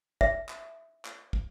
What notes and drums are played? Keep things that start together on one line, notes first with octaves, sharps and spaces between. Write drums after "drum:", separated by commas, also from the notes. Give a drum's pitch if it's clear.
E5, drum: kick
drum: clap
drum: clap
drum: kick